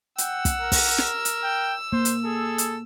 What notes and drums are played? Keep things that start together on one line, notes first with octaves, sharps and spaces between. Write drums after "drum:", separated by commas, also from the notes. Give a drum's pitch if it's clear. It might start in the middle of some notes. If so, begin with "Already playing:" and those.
F#5 G5 E6, drum: hi-hat
drum: kick, hi-hat
A#4
drum: kick, open hi-hat
drum: snare
drum: hi-hat
G5
A#3 C5
drum: hi-hat
G#4 A4
drum: hi-hat